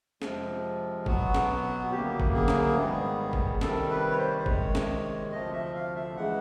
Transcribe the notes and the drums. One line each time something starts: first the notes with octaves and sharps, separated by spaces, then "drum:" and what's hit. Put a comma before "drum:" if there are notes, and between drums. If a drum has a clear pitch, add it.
F2 C3 F3 G#3, drum: snare
B2 F#3 B3 F#4, drum: kick G1
drum: snare
D2 C#3 F#3 A#3 G4
drum: kick G1
G#4
drum: snare
G#2 D#3 G3 B3
drum: kick G1
C3 D#3 G3 A4, drum: snare
B4
C#5
C5
C5
C3 D#3 G#3 C#5, drum: kick G1
drum: snare
D2 C3 F3 A3 D#5
E5
F5
E5
C#3 E3 G#3 F#5